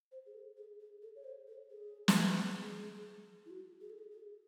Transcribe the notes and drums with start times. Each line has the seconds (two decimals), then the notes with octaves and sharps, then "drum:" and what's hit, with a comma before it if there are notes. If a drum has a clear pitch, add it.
0.12 C5
0.26 G#4
0.34 A4
0.57 G#4
0.80 G#4
1.02 A4
1.16 C#5
1.24 C5
1.47 A4
1.70 G#4
2.08 drum: snare
2.60 G#4
3.46 E4
3.51 F#4
3.81 G#4
3.90 A4
3.99 G#4
4.11 G#4